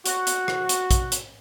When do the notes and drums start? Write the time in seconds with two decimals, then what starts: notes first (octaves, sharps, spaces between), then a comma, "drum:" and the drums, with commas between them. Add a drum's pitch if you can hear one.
0.06 F#4, drum: hi-hat
0.27 drum: hi-hat
0.48 drum: rim click
0.69 drum: hi-hat
0.91 drum: kick, hi-hat
1.12 drum: hi-hat